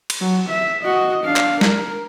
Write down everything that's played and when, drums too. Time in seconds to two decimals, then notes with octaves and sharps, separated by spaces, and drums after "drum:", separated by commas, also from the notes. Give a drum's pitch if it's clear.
0.10 drum: cymbal
0.20 F#3
0.50 E5
0.84 F#4 D#5
1.24 D4 F5
1.36 drum: clap
1.61 A#4, drum: snare